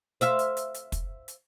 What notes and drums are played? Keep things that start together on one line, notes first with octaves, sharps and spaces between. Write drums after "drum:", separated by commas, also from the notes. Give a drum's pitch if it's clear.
C5 E5 F5, drum: hi-hat
drum: hi-hat
drum: hi-hat
drum: hi-hat
drum: kick, hi-hat
drum: hi-hat